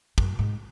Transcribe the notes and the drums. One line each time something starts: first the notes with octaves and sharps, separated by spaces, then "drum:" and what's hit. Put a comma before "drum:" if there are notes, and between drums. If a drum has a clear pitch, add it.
F#2, drum: kick
G#2